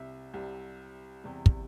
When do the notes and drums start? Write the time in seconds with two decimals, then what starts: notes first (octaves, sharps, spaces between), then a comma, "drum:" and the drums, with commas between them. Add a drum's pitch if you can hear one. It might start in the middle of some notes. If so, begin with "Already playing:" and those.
Already playing: C2 C3 G3 E5
0.33 C2 C3 G3
1.24 E2 C3 G3
1.46 drum: kick